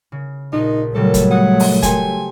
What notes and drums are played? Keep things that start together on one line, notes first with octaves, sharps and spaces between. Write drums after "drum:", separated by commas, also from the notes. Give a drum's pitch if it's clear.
C#3
A#1 D#4
A#2 C#3 F#3 G3 A3 A4
drum: kick, hi-hat
F#5 D#6 G#6
drum: open hi-hat
G4 A4 C5 G#5, drum: kick, hi-hat